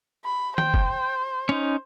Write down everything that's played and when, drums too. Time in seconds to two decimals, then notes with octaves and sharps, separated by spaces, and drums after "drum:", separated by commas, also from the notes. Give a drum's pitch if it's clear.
0.25 B5
0.58 C5 G5, drum: tom D#3
0.74 drum: kick
1.49 C#4 D#4